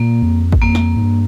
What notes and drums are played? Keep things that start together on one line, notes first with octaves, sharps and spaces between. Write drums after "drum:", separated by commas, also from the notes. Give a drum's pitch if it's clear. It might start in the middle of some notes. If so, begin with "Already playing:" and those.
Already playing: A#2 A#3
F2
drum: kick G#1
F2 A#3
drum: snare
G#2
G2